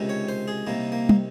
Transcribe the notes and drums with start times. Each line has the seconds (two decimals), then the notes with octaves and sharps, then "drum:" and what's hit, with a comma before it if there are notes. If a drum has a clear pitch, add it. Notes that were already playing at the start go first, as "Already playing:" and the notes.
Already playing: C#2 C3 D#3
0.09 C#5
0.29 C5
0.48 G#4
0.67 C2 C3 D#3 A#3
0.92 A#3
1.09 drum: tom